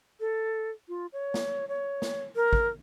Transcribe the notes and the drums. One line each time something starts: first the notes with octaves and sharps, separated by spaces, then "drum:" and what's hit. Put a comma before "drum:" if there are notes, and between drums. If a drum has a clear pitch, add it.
A4
F4
C#5
drum: snare
C#5
drum: snare
A#4
drum: kick